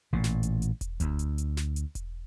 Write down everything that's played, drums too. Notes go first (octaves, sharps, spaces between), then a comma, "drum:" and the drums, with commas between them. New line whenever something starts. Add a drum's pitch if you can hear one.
A1 A#2
drum: snare
drum: hi-hat
drum: hi-hat
drum: kick E1, hi-hat
D2, drum: hi-hat
drum: hi-hat
drum: hi-hat
drum: snare
drum: hi-hat
drum: kick E1, hi-hat